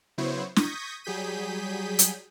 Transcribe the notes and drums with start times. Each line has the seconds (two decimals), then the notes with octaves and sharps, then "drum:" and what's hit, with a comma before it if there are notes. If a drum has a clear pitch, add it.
0.18 C#3 F#3 B3 E4 C5 C#5
0.56 C#6 D#6 G6 G#6 A#6 B6, drum: snare
1.04 F#3 G3 G#4 G6 B6 D#7
1.99 drum: hi-hat